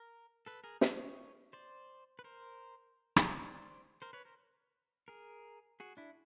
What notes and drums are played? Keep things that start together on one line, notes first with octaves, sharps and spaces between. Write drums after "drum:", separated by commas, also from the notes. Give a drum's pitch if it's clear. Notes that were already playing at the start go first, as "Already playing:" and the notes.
Already playing: A#4
A4 B4
G#4 A#4
C#5 D#5, drum: snare
C5 D5
B4
A#4 C5
drum: rim click
C5 D5
A#4 C5
B4 C#5
A#4 C5
G#4 A#4
F#4 G#4
D4 E4